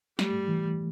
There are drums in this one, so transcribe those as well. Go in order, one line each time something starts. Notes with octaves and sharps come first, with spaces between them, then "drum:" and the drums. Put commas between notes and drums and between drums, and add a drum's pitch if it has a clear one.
G3 A3, drum: snare
E3